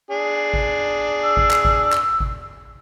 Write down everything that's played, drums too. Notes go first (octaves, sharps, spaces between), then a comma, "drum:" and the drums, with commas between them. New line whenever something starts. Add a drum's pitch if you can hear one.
D4 G#4
drum: kick G#1
E6
drum: kick G#1
drum: clap
drum: kick G#1
drum: clap
drum: kick G#1